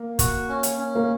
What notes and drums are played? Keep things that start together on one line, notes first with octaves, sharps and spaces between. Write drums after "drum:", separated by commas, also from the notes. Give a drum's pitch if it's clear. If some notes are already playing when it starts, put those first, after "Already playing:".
Already playing: A#3
F#4, drum: kick, hi-hat
C#4
drum: hi-hat
C#4
A#3